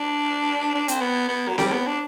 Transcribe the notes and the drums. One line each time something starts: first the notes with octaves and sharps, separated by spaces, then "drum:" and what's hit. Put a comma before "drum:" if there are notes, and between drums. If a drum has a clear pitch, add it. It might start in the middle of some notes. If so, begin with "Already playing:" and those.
Already playing: D4
D4
C4, drum: hi-hat
B3
B3
F#3
G3, drum: snare C4
B3
D4